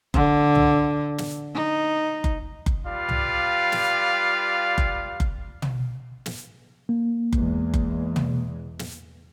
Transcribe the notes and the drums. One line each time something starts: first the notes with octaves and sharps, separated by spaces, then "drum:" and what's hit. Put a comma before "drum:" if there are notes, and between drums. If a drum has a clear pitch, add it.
D3, drum: kick F#1
drum: tom C2
drum: snare
D#4
drum: kick F#1
drum: kick F#1
G3 F4 B4 D5 F5
drum: tom C2
drum: snare
drum: kick F#1
drum: kick F#1
drum: tom
drum: snare
A#3
E2 G#3, drum: kick F#1
drum: kick F#1
drum: tom
drum: snare